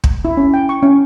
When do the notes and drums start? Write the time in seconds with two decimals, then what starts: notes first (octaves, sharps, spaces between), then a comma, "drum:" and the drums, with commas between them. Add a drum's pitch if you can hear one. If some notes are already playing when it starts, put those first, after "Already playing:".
0.04 drum: kick
0.25 E4
0.37 C#4
0.54 G5
0.69 C#6
0.83 C#4